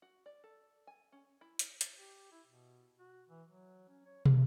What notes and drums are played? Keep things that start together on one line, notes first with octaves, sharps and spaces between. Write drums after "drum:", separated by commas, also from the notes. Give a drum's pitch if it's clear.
F#4
D5
A4
G#5
C#4
E4
drum: hi-hat
drum: hi-hat
G4
E4
B2
F#4
E3
F#3
C#4
C#5
D4, drum: tom